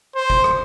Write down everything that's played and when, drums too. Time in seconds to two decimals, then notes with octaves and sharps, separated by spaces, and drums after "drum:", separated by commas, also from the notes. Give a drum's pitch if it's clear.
0.16 C5
0.30 drum: kick
0.44 drum: rim click